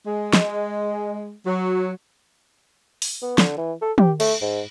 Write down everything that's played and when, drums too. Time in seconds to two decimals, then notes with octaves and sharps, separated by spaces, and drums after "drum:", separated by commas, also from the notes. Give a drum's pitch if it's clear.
0.07 G#3
0.33 drum: snare
1.47 F#3
3.02 drum: open hi-hat
3.22 B3
3.38 D3, drum: snare
3.58 E3
3.82 A4
3.98 G4, drum: tom
4.20 A3, drum: cymbal
4.42 G#2